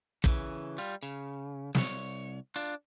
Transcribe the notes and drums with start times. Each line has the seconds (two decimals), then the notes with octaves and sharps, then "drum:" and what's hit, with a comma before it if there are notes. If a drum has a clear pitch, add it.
0.24 C#3 E3, drum: kick
0.78 G3 F4
1.03 C#3
1.75 C2 C#5, drum: snare
2.56 D4 F4